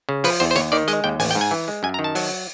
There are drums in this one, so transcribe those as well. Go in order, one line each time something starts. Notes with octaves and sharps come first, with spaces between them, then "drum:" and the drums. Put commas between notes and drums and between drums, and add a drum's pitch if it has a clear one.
C#3
F3 B4, drum: open hi-hat
E2 C5
C5
D#2 C#5, drum: hi-hat
D#3 D5
G#3 D#5, drum: hi-hat
D#2 G5
A1 G#5, drum: open hi-hat
G5
G#2
G#5
E3
G#3
F#2 G#5
A#5
D#3
A5
F#3, drum: open hi-hat